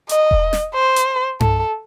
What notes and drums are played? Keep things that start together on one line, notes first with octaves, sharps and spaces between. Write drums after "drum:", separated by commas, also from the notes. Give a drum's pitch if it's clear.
D#5, drum: hi-hat
drum: kick E1
drum: snare
C5
drum: hi-hat
A4, drum: tom G2